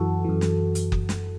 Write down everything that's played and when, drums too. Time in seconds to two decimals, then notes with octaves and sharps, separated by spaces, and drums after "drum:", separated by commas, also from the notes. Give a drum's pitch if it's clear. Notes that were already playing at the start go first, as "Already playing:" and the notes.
Already playing: F#2 E3 F#4 A4
0.24 F#2 E3
0.41 drum: snare
0.75 drum: hi-hat
0.92 drum: kick F#1
1.09 drum: snare